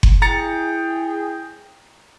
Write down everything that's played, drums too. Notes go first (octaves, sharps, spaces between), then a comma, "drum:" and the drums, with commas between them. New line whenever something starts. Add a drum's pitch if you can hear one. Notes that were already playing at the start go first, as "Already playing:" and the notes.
drum: kick F#1
E4 G#4 G5 A#5 A6 C#7